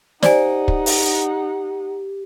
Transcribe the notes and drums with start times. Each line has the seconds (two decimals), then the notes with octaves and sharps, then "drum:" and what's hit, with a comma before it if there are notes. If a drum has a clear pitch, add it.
0.23 D#4 G4 C5 D5 F#5 G#5, drum: snare
0.68 drum: kick
0.86 drum: open hi-hat